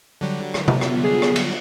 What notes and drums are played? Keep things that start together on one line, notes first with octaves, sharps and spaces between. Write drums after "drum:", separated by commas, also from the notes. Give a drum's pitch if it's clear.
D3 F#3 G3
drum: rim click
B3 F4 E5, drum: tom C3
drum: rim click
G#4
drum: rim click
drum: cymbal